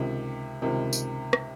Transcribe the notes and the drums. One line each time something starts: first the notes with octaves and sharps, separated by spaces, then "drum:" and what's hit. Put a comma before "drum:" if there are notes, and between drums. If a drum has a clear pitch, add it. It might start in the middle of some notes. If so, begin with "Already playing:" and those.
Already playing: C#2 C3 D#3
C#2 C3 D#3
drum: tambourine
drum: rim click